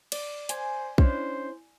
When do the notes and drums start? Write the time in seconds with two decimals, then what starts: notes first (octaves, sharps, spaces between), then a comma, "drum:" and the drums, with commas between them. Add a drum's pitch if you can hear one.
0.12 D5, drum: cymbal
0.49 C5 G#5, drum: hi-hat
0.98 C#4 D4 E4 C5, drum: kick B1